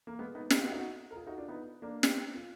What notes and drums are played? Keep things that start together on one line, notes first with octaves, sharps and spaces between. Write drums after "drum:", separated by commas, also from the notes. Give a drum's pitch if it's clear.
A#3
G#3 B3
B3 D#4
B3 D#4, drum: snare
D#4 F#4
D#4 F#4
A#4
F4 G#4
D#4 F#4
D4 F4
B3 D#4
A#3 D4
drum: snare
F4